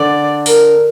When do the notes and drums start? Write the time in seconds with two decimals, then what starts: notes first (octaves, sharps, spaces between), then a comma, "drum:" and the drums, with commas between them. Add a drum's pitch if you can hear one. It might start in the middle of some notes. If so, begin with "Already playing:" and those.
Already playing: D3 D5
0.46 A#4, drum: open hi-hat